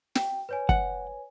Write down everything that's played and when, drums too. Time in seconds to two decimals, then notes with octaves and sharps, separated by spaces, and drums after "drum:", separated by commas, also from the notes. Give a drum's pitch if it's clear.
0.15 G5, drum: snare
0.49 B4 C#5 G#5
0.69 F#5, drum: kick